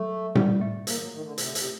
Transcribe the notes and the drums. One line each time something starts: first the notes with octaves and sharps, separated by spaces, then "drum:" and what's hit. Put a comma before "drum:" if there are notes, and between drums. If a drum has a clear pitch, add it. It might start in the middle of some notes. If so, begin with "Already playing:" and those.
Already playing: F#3 A3
G3, drum: tom A2
A3
A#3, drum: hi-hat
D#3
F#3
D#3
D3
C3, drum: hi-hat
D3
C3, drum: hi-hat